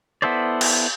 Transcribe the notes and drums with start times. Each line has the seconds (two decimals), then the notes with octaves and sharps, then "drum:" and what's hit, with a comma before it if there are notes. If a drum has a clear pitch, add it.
0.22 B3 E4 A4 C5 D5
0.61 drum: cymbal